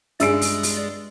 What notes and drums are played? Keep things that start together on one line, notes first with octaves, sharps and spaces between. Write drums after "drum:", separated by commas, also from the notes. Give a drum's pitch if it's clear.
G2 G#3 G#4 D5 E5 E6 D7, drum: hi-hat
drum: open hi-hat
drum: open hi-hat